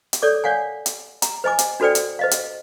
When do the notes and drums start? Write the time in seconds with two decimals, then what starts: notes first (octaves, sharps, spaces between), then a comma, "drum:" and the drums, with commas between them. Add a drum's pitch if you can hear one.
0.13 drum: hi-hat
0.22 A4 C#5 D5 D6
0.44 C#5 D5 F5 F#5 G#5
0.86 drum: hi-hat
1.22 A#5, drum: hi-hat
1.44 C5 D#5 G#5 D6
1.59 drum: hi-hat
1.80 D4 F#4 A4 C5 D5 G5
1.95 drum: hi-hat
2.19 C5 D#5 F5
2.31 drum: hi-hat